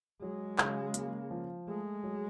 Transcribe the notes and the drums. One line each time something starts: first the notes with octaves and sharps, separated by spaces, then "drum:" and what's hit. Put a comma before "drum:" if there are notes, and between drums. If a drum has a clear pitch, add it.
F#3 G#3
C#3, drum: clap
A#3, drum: hi-hat
F3
G#3 A3
F#3